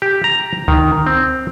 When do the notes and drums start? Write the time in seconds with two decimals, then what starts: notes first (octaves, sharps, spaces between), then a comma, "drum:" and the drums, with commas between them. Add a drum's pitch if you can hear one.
0.02 G4
0.24 A#5
0.68 D#3, drum: kick C#2
1.07 C4